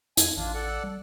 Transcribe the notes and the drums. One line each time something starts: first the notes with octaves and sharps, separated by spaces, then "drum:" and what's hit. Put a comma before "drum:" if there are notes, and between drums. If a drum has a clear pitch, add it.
F2 G#5, drum: hi-hat
A1 D4 F4
A4 D5 F#5
G3